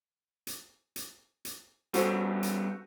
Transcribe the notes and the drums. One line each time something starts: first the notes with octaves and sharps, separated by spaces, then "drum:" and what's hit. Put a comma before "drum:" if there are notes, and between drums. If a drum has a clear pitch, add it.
drum: hi-hat
drum: hi-hat
drum: hi-hat
G3 B3 C#4 F#4 A4 C5, drum: hi-hat
drum: hi-hat